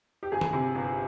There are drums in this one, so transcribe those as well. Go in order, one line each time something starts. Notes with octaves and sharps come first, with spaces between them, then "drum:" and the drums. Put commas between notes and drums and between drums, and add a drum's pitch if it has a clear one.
G4
G1 G#4
drum: tom
C3
G1